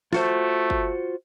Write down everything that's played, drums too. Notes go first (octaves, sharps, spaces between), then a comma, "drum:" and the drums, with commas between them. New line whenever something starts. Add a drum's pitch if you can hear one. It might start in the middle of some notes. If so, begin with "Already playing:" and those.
A3 F4 F#4 C5, drum: snare
drum: kick G1